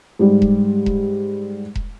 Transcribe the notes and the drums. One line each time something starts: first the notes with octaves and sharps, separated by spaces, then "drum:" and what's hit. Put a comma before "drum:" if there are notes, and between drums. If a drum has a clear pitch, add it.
G#2 G3
drum: kick E1
drum: kick E1
drum: kick E1